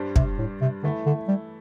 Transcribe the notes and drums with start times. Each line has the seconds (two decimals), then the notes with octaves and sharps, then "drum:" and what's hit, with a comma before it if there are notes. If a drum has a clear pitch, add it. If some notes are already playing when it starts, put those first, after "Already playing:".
Already playing: G2 G3 D4 C5
0.16 C3, drum: kick
0.38 A2
0.61 C3
0.83 D3 E3 A3 E4
1.06 D3
1.28 G3